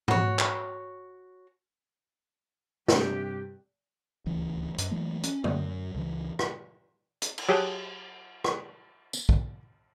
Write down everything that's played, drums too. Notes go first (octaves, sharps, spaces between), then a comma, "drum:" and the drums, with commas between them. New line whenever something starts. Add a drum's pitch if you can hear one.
F#4 C#5, drum: tom
drum: clap
G2 C3 G4, drum: snare
D1 C#2 E3
F#2, drum: hi-hat
E3 F#3 A3 A#3
C#4, drum: hi-hat
F#2 F#3, drum: tom
C#2 C#3 E3
drum: rim click
drum: hi-hat
drum: cymbal
F#3 G4 G#4 F#5 G5 A5
drum: rim click
drum: tambourine
drum: kick